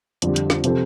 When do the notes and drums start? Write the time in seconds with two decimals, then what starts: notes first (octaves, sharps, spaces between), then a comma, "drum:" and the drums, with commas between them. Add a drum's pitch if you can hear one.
0.22 F2 D3 G3, drum: hi-hat
0.36 drum: hi-hat
0.50 drum: snare
0.64 C3 F3 C4 A4 C5, drum: hi-hat